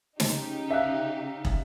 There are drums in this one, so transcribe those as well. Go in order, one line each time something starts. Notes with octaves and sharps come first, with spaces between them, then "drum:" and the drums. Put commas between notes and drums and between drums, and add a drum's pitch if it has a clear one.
C#3 D#4 G4, drum: snare
E5 F5 F#6
drum: kick